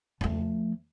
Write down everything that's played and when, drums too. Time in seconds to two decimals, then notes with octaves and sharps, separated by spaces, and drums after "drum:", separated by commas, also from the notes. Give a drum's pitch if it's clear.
0.21 F3 A3, drum: tom E2